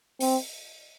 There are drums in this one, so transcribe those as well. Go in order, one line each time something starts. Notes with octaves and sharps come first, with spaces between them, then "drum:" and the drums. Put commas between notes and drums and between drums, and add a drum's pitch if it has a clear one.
C4, drum: open hi-hat